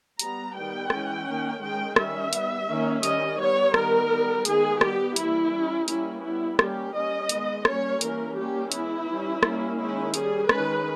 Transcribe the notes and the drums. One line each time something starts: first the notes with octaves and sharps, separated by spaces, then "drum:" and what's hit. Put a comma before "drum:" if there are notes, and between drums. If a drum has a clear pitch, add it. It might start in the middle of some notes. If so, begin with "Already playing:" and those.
G3 B3 A#5, drum: hi-hat
D#3 G3 B3 G5
E3 G#3 C#4, drum: rim click
D#3 A#3 C#4
D#3 G#3 C#4 G5
D#3 G3 C#4 E5, drum: rim click
G3 B3, drum: hi-hat
D#3 A#3 C#4
D#3 G3 C#4 D#5, drum: hi-hat
G3 B3 C#5
D#3 G3 B3 A#4, drum: rim click
G3 B3
D#3 G#3 B3 G#4, drum: hi-hat
G3 B3 G4, drum: rim click
E3 G3 A#3 E4, drum: hi-hat
G3 C#4
G3 A#3 C#4 E4, drum: hi-hat
G3 B3 E4
D#3 G3 A#3 C#4 G4, drum: rim click
G3 C#4 D#5
D#3 G#3 B3, drum: hi-hat
G3 A#3 C#4 C#5, drum: rim click
E3 G3 A#3 C#4 A#4, drum: hi-hat
G3 A#3 C#4 G4
E3 G#3 B3 E4, drum: hi-hat
E3 G3 C#4
G3 A#3 C#4, drum: rim click
D#3 G#3 C#4 E4
G3 C#4 G#4, drum: hi-hat
D#3 G#3 C#4 B4, drum: rim click